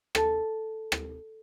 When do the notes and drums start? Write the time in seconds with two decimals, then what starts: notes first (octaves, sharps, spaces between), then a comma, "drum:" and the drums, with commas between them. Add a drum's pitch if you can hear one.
0.15 A4 A5, drum: rim click
0.92 drum: rim click